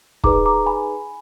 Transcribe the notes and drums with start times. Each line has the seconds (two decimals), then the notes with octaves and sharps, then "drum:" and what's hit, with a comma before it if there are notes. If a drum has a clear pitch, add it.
0.24 D#4 G#4 B4 D5 A#5 D6, drum: kick
0.46 A#5 D6
0.66 G#5 B5